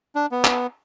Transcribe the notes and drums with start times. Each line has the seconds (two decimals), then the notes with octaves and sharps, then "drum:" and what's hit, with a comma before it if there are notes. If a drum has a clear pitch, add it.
0.15 D4
0.31 B3
0.45 drum: clap